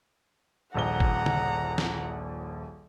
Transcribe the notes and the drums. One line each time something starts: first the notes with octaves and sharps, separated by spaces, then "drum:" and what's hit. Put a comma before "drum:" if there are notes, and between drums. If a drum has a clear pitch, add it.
D#1 A#1 F#5 A#5 G7
drum: kick G1
drum: tom C#3
drum: snare